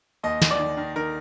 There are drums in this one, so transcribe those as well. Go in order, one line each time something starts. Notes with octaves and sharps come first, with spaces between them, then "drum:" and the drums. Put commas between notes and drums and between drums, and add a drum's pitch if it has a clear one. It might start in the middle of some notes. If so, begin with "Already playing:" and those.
D#2 D#5
D#2, drum: snare
D5
D#3
D#3
D#3 A#4